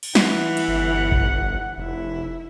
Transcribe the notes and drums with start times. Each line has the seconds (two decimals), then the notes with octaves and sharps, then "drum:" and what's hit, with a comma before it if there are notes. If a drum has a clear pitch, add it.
0.03 drum: cymbal
0.15 E3 F#5, drum: snare
0.57 drum: cymbal
0.68 G1
1.12 drum: kick A#1
1.78 F1 E4